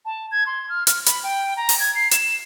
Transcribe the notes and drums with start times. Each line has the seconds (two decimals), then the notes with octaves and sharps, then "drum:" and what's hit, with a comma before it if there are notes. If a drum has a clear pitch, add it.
0.05 A5
0.31 G#6
0.46 C6
0.69 F6
0.87 F6, drum: hi-hat
1.06 B5, drum: hi-hat
1.23 G5
1.57 A#5
1.69 drum: open hi-hat
1.79 G#6
1.95 C7
2.11 E7, drum: hi-hat